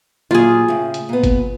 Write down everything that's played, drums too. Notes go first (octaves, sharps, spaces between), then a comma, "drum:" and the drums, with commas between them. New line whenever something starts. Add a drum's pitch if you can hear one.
A#2 F#3 F4 G#4
A2 C#3
drum: hi-hat
A#2 B3
drum: kick G1, hi-hat